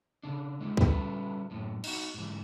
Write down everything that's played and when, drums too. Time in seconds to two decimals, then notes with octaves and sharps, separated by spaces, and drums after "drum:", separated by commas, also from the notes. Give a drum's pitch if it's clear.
0.23 C#3 D4
0.61 G#3 E4
0.77 G3 C#4 F4 A4 B4, drum: kick
1.51 F#2 A2
1.84 D#4 F#4, drum: cymbal
2.14 G#2 E3